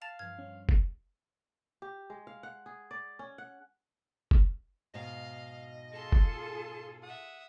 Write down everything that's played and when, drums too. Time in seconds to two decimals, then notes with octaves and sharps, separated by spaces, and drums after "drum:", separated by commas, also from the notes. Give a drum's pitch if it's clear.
0.02 F5 A5 A6 F7
0.19 G2 F3 F6 G#6
0.39 C#4
0.69 drum: kick F#1
1.82 G4
2.10 G#3
2.27 F5
2.43 F#5
2.66 G#4
2.91 D5
3.19 C#4
3.38 F#5
4.31 drum: kick F#1
4.94 G#2 B2 D#5 F5
5.92 F4 G#4 A4 A5 C6
6.12 drum: kick F#1
7.03 E5 F#5 D#6